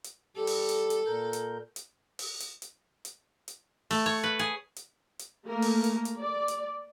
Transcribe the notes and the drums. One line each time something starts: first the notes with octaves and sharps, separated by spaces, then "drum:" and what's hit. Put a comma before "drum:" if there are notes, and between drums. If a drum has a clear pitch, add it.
drum: hi-hat
G3 G4 A4
drum: open hi-hat
drum: hi-hat
drum: hi-hat
A#2 A#4 G6
drum: hi-hat
drum: hi-hat
drum: open hi-hat
drum: hi-hat
drum: hi-hat
drum: hi-hat
drum: hi-hat
A3, drum: open hi-hat
C#5
B4
G#4
drum: hi-hat
drum: hi-hat
A3 A#3 A#4
drum: open hi-hat
drum: hi-hat
drum: hi-hat
D5
drum: hi-hat